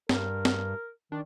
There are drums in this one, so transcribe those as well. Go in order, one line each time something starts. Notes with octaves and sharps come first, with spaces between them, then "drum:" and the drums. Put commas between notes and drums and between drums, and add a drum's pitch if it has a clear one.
G2 A#4, drum: snare
drum: snare
D#3 D4